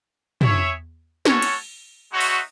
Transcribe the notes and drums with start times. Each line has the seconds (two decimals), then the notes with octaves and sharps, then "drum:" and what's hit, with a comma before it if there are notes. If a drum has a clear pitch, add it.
0.41 E4 G#4 C#5 E5, drum: tom
1.25 C#4 F#4 A4 C#5, drum: snare
1.42 drum: cymbal
2.10 G#3 D#4 F#4 C#5 E5
2.20 drum: open hi-hat